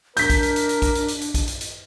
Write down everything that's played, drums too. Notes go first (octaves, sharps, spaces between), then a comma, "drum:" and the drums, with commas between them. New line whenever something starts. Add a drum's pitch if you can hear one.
D4 A#4 G6 B6, drum: hi-hat
drum: kick A#1, hi-hat
drum: hi-hat
drum: hi-hat
drum: hi-hat
drum: kick A#1, hi-hat
drum: hi-hat
drum: hi-hat
drum: hi-hat
drum: kick A#1, hi-hat
drum: hi-hat
drum: hi-hat